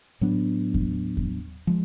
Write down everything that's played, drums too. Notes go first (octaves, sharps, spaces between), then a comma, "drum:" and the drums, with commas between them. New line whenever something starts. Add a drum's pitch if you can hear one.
A2 F#3 B3 D4
drum: kick E2
drum: kick E2
F3 G#3